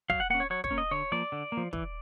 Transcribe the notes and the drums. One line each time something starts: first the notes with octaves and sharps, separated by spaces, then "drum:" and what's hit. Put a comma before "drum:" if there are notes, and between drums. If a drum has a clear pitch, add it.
F#3 F5, drum: kick
F#5
A#3 C#4 F#5
C#5
F#3 C#5
C#5, drum: kick
A#3 C#4
D#5
D3 C#5
F3 A#3 D5
D3
A#3
F3
E3, drum: kick